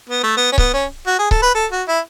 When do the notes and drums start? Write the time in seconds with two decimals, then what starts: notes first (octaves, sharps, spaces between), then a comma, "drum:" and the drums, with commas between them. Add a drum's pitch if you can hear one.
0.10 B3
0.23 A3
0.37 B3
0.52 C#4
0.58 B3, drum: kick C#1
0.73 C#4
1.07 F#4
1.19 G#4
1.31 A4, drum: kick C#1
1.42 B4
1.55 A4
1.72 F#4
1.88 E4